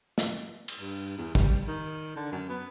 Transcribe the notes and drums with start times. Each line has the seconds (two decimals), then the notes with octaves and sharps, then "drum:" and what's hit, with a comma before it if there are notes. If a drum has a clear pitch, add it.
0.18 drum: snare
0.68 drum: cymbal
0.80 G2
1.18 E2
1.35 G3, drum: kick
1.68 D#3
2.17 D3
2.32 F#2
2.49 B3